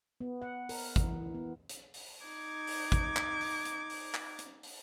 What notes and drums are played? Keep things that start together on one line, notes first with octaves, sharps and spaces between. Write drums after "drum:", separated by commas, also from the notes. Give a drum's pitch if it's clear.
B3
F#5
A#4, drum: open hi-hat
E3, drum: kick G#1, hi-hat
E3
B3
drum: hi-hat
drum: open hi-hat
D#4 D6 G#6
drum: open hi-hat
drum: kick G#1, hi-hat
drum: clap
drum: open hi-hat
drum: hi-hat
drum: open hi-hat
drum: clap
drum: hi-hat
drum: open hi-hat